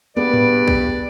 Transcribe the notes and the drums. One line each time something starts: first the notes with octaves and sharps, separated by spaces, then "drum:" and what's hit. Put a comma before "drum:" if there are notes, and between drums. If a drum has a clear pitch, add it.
G2 B3 G#4 B4 D5
drum: tom G#2
drum: kick